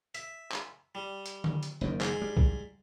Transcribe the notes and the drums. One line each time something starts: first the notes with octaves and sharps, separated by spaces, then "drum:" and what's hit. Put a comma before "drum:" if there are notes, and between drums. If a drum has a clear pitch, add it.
E5, drum: hi-hat
drum: clap
G3
drum: hi-hat
drum: tom D3
drum: hi-hat
F#1 F#2 D#3
G#2 G#4, drum: clap
G3
drum: kick